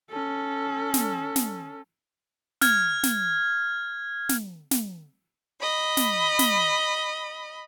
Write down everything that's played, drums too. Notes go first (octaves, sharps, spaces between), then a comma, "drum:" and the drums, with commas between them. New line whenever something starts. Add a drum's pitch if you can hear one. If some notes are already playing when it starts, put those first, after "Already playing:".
C#4 A4
drum: snare
drum: snare
F6 G#6, drum: snare
drum: snare
drum: snare
drum: snare
D#5 B5
drum: snare
drum: snare